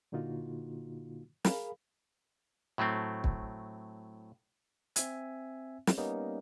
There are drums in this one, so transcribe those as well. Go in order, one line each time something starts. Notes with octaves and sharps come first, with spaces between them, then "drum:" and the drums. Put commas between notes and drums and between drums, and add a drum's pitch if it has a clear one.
A#2 D3 A#3 D#4 F4 F#4
G#4 A#4 F5 B5, drum: snare
A2 F#3 A3 C4
drum: kick
C4 E5 G#5, drum: hi-hat
drum: snare
G3 A#3 B3 C#4 D#4